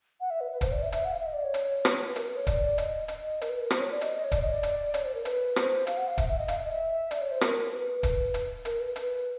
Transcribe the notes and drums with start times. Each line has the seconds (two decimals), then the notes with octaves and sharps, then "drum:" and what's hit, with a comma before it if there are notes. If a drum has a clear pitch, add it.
0.20 F#5
0.30 E5
0.40 B4
0.51 B4
0.61 C5, drum: kick, hi-hat
0.72 D5
0.82 E5
0.92 E5, drum: hi-hat
1.05 F#5
1.12 F5
1.20 E5
1.26 D#5
1.33 D5
1.44 C#5
1.54 drum: hi-hat
1.85 B4, drum: rim click
1.95 B4
2.05 B4
2.16 A#4, drum: hi-hat
2.26 B4
2.36 C#5
2.47 D5, drum: kick, hi-hat
2.78 D#5, drum: hi-hat
3.08 D#5, drum: hi-hat
3.41 A#4, drum: hi-hat
3.50 B4
3.60 A#4
3.70 C5, drum: rim click
3.80 C#5
3.91 D5
4.01 D#5, drum: hi-hat
4.24 C#5
4.32 D5, drum: kick, hi-hat
4.42 D#5
4.53 D5
4.63 drum: hi-hat
4.94 C#5, drum: hi-hat
5.05 C5
5.14 A#4
5.25 B4, drum: hi-hat
5.56 C5, drum: rim click
5.87 F5, drum: hi-hat
5.97 F#5
6.07 F5
6.18 E5, drum: kick, hi-hat
6.28 E5
6.38 D#5
6.48 F5, drum: hi-hat
6.56 E5
6.64 D#5
6.72 E5
7.11 D5, drum: hi-hat
7.21 C#5
7.31 C5
7.41 A#4, drum: rim click
7.72 B4
8.03 drum: kick, hi-hat
8.34 drum: hi-hat
8.65 A#4, drum: hi-hat
8.80 B4
8.96 B4, drum: hi-hat